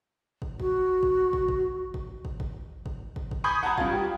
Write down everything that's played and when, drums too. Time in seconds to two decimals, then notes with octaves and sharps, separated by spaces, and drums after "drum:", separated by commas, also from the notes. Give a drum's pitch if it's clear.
0.42 drum: kick
0.60 F#4, drum: kick
1.03 drum: kick
1.33 drum: kick
1.48 drum: kick
1.94 drum: kick
2.25 drum: kick
2.40 drum: kick
2.86 drum: kick
3.16 drum: kick
3.31 drum: kick
3.44 G#5 B5 C#6 D#6 G6 G#6
3.63 F#5 A5 A#5 G#6
3.78 G2 F4, drum: kick
3.92 G4